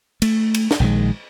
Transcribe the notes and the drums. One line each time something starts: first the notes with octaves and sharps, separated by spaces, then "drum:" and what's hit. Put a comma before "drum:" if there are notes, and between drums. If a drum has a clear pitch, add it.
A3, drum: cymbal
drum: cymbal
drum: snare
A#1 D#3 E3 G#3